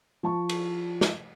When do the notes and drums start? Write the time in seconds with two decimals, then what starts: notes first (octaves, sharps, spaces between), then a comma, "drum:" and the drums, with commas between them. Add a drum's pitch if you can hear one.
0.23 F3 A5 C#6
0.49 drum: cymbal
1.01 drum: snare